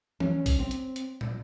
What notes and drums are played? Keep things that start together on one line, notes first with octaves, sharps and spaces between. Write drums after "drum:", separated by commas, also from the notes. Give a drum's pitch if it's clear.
C#4, drum: tom E3
drum: kick A#1, open hi-hat
C4
drum: hi-hat
drum: hi-hat
drum: tom